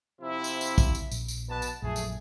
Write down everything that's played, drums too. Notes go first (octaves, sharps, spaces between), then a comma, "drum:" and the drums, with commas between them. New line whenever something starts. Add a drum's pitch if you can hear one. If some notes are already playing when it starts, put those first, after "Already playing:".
C3 F3 E4
drum: tambourine
drum: tambourine
drum: kick, tambourine
drum: tambourine
A#1, drum: tambourine
drum: tambourine
B2 B4 A5
drum: tambourine
A#1 F#2 F3 A3 G#4
drum: tambourine